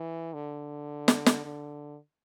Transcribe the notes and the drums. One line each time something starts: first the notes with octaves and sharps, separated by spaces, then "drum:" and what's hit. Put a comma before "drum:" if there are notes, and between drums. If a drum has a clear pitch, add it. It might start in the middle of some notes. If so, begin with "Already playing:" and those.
Already playing: E3
D3
drum: snare
drum: snare
D3